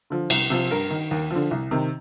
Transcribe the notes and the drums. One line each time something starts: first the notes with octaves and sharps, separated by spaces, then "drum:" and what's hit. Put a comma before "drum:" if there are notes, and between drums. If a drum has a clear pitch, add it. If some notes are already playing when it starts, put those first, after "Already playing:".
D3 F3
C2, drum: cymbal
C3 F3
G2 A#4
D#3
D#2
D3 F3
C2
C3 D#3